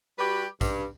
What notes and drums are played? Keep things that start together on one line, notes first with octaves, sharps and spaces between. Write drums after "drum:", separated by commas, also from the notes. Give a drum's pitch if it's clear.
G3 F#4 G4 B4
G2, drum: kick A#1, tambourine